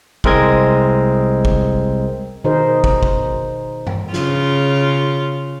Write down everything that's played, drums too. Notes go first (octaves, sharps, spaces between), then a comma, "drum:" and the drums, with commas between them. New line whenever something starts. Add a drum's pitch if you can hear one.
C2 G#3 C4 A#4 D#5 G#6, drum: kick
drum: kick
B2 D#3 D#4 G#4 A#4 C5
drum: kick
drum: kick
drum: tom G2
C#3 F4, drum: snare